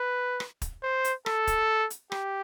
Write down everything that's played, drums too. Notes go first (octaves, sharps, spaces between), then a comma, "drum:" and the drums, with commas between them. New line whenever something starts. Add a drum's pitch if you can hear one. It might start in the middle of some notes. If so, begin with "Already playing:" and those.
Already playing: B4
drum: rim click
drum: kick, hi-hat
C5
drum: hi-hat
A4, drum: rim click
drum: kick, hi-hat
drum: hi-hat
G4, drum: rim click